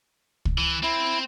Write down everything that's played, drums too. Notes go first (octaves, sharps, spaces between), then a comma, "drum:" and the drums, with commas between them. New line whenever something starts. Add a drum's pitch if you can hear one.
drum: kick
E3
C4 E4